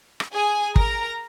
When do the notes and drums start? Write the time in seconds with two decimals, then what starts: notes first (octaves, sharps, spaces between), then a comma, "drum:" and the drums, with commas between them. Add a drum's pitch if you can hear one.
0.20 drum: rim click
0.34 G#4 G#5
0.76 A#4 A#5, drum: kick